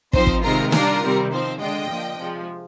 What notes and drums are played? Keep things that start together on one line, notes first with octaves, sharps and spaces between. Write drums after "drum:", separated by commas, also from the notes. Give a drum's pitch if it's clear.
F3 C4 D#4 C5, drum: kick
drum: kick
C3 D#3 G#3 C4 F4 A#4
G3 D4 F4 A#4, drum: snare
C3 D#3 G3 C4
F3 C4 D#4 C5
D3 G#3 D4 F4 D#5 G5
D3 F3 A#3 D4
C3 F3 G#3